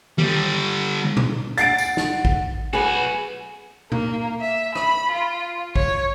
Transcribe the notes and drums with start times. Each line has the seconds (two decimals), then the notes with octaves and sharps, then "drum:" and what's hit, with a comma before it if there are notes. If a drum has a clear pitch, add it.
0.18 D3 G3, drum: tom D#3
1.17 drum: tom A#2
1.58 F#5 A6 C7 D7, drum: hi-hat
1.78 drum: tambourine
1.97 drum: snare
2.25 drum: kick A1
2.73 B1 F#4 G#4 B4 G#5
3.92 A#3, drum: tom A#2
4.41 E5
4.75 B5, drum: rim click
5.12 F4
5.76 C#5, drum: kick A1